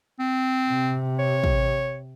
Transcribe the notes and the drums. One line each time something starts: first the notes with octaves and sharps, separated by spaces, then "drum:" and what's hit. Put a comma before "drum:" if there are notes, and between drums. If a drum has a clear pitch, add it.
C4
C3
C#5
drum: kick